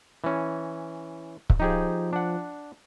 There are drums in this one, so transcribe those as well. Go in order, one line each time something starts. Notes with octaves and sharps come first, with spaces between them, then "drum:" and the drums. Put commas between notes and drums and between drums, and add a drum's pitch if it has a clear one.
E3 C#4
drum: kick C#1
F3 D#4 G4 G#4
D4 F#5